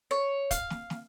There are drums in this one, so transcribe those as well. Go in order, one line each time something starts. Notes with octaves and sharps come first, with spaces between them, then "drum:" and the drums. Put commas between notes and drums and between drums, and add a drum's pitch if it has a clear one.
C#5
F5, drum: kick, hi-hat
drum: snare
drum: snare